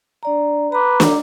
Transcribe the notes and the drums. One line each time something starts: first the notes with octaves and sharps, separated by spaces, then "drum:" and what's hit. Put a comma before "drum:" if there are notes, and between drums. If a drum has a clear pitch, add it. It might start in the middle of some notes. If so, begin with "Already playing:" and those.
D4 D5 A#5
B4 A#5 D6
drum: snare